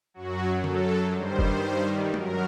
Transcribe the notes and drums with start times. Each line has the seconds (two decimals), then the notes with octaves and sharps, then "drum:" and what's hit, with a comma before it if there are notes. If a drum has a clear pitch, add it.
0.14 F#2 F#3 F#4
0.64 A4, drum: tom D3
1.14 G2 D#3 G3 C5
1.39 drum: kick F#1
2.14 F#2 F#3 A#4, drum: tom G#3